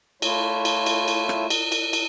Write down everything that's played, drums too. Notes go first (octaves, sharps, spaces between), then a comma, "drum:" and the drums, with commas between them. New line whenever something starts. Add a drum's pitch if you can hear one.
A3 E4 F4 C#5, drum: cymbal
drum: cymbal
drum: cymbal
drum: cymbal
drum: rim click
drum: cymbal
drum: cymbal
drum: cymbal